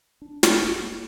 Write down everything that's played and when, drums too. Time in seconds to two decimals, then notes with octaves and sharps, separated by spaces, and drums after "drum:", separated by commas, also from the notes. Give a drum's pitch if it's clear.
0.22 D4
0.43 A1, drum: snare
0.60 E1
0.76 A#3